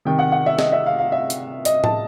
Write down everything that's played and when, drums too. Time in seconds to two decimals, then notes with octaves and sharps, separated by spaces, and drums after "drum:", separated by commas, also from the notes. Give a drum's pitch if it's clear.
0.05 C3 D#3 G5
0.19 F#5
0.32 F#5
0.46 E5
0.59 D#5, drum: snare
0.72 E5
0.86 F5
0.98 F5
1.12 E5
1.30 drum: hi-hat
1.65 D#5, drum: hi-hat
1.84 A5, drum: tom A2